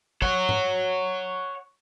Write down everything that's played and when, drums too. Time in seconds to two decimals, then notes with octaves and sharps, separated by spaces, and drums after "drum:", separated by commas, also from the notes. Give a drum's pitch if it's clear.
0.22 C#5 F#5, drum: kick
0.49 drum: tom G#2